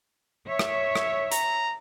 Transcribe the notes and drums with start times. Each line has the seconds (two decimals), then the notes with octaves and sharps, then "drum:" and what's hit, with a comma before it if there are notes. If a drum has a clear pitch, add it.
0.48 C#5 E5
0.59 drum: rim click
0.96 drum: rim click
1.32 A#5, drum: hi-hat